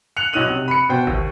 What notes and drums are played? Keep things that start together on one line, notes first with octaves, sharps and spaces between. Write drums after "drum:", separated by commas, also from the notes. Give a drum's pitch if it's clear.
F#6 C#7 F7
B1 C#4 D#4 F#6 D#7 F#7
C3
B5 C#7
B2 C5 G5
D#2, drum: kick